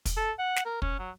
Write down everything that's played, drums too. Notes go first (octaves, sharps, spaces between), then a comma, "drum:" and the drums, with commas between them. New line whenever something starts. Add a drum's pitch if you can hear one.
drum: kick, hi-hat
A4
F#5
drum: snare
A#4
C#4, drum: kick
F#3